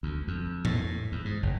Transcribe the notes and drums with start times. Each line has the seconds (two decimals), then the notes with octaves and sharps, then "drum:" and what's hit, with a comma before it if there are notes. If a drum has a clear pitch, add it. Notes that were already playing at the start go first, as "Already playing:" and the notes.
0.03 D2
0.28 F2
0.65 A2, drum: tom A2
1.12 E2
1.25 G#2
1.43 F#1